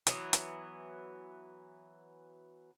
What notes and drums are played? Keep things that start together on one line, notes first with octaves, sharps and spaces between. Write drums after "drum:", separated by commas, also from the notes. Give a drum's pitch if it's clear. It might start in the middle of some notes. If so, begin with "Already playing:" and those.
E3 F#3 B3, drum: hi-hat
drum: hi-hat